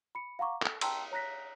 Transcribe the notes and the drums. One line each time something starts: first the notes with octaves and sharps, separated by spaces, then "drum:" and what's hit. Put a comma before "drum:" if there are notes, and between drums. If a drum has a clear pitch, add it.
B5 C#7
F5 F#5 A#5 C#6 D6
A4, drum: clap
G5 A5 A#5 C6 E6, drum: cymbal
C#5 A#5 F#6 A#6 B6